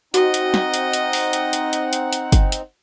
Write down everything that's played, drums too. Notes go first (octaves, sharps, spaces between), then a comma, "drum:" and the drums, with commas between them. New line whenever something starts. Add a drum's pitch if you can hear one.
C4 D#4 F#4 D#5 F#5, drum: hi-hat
drum: hi-hat
drum: snare
drum: hi-hat
drum: hi-hat
drum: open hi-hat
drum: hi-hat
drum: hi-hat
drum: hi-hat
drum: hi-hat
drum: hi-hat
drum: kick G1, hi-hat
drum: hi-hat